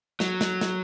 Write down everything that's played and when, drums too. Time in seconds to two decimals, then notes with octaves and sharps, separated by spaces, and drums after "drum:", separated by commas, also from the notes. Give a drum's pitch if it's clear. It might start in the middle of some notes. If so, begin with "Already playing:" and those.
0.20 F#3, drum: snare
0.41 drum: snare
0.61 drum: snare